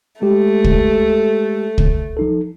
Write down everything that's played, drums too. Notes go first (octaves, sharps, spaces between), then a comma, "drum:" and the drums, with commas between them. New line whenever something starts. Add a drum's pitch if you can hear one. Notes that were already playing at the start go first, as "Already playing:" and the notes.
G#3 A3 G4
drum: kick
drum: kick
F3 D#4 A4